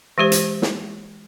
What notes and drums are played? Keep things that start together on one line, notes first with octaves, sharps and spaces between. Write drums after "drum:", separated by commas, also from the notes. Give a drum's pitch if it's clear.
E3 G#3 G4 C5
drum: hi-hat
drum: snare